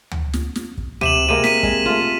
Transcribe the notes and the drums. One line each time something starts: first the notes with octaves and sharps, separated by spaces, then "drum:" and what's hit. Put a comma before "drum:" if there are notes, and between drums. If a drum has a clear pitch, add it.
drum: tom D2
drum: snare
drum: snare
drum: kick
C3 D#7 E7 F#7, drum: tom D2
C3 G#3 A#3 D#7
B6 D#7, drum: snare
G#3, drum: kick
A3 F4